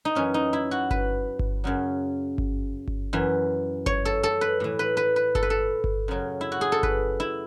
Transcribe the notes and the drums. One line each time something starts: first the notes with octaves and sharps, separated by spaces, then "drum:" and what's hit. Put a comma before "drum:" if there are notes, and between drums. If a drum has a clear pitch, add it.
D#4
F#2 E3 C#4
D#4
E4
F#4
B4, drum: kick G1
drum: kick G1
F#2 C#3 F#3
drum: kick G1
drum: kick G1
F#2 E3
C#5, drum: kick G1
A4
A4
B4
A2 E3
B4
B4
B4
A4, drum: kick G1
B4
A4
drum: kick G1
F#2 C#3 F#3
E4
F#4
G#4
A4
B4, drum: kick G1
E4